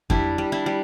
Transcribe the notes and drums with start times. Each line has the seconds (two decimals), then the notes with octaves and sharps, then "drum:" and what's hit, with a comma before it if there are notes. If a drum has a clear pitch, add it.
0.10 G3 D4 E4, drum: kick F2
0.38 G3
0.52 D4 E4
0.66 G3